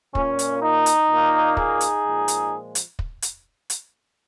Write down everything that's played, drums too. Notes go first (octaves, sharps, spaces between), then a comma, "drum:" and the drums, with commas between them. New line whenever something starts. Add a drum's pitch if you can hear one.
A#2 A#3 C#4, drum: kick
drum: hi-hat
D#4
drum: hi-hat
A#2 A#3
D#4 G#4, drum: kick
drum: hi-hat
A#2 F3 G#3
drum: hi-hat
drum: hi-hat
drum: kick
drum: hi-hat
drum: hi-hat